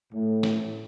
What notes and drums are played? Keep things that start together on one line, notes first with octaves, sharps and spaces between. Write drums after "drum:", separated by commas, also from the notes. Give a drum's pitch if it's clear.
A2
drum: snare